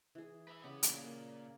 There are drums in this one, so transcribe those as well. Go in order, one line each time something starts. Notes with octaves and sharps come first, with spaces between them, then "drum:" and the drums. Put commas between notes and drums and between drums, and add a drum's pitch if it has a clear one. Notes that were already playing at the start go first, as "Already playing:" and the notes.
E3 G#4
B4 E5
C#3 B3 G4
A#2, drum: hi-hat
A#3